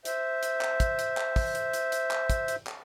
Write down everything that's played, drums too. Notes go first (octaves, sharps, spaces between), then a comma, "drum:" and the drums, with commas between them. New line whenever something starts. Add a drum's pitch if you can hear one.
C5 E5, drum: hi-hat
drum: hi-hat
drum: clap
drum: kick, hi-hat
drum: hi-hat
drum: clap
drum: kick, open hi-hat
drum: hi-hat
drum: hi-hat
drum: hi-hat
drum: clap
drum: kick, hi-hat
drum: hi-hat
drum: clap